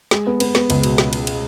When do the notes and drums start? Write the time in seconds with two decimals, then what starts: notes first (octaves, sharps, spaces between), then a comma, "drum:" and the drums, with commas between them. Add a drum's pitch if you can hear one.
0.11 G#3, drum: snare
0.27 B3
0.40 B3, drum: cymbal
0.55 B3, drum: snare
0.70 C#2, drum: cymbal
0.83 B2, drum: cymbal
0.98 drum: snare
1.13 drum: cymbal
1.27 drum: cymbal